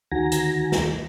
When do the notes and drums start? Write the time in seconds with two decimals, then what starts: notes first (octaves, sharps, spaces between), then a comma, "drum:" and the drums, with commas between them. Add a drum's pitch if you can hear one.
0.12 D2 D#3 F#4 G#5 A#5 A#6
0.32 drum: hi-hat
0.72 drum: snare